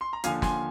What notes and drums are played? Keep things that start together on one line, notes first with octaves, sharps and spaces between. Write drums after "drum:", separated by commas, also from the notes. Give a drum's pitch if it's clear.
C6
A#5
D#2 D3 F3 F5 G#5, drum: hi-hat
G#5 C6, drum: snare